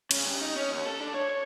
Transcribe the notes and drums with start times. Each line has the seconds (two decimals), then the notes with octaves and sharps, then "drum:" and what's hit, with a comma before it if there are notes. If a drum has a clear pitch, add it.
0.11 C#3, drum: cymbal
0.25 G2
0.41 D#4
0.56 C#4
0.71 D#2
0.86 A4
1.01 D4
1.14 C#5
1.30 C#5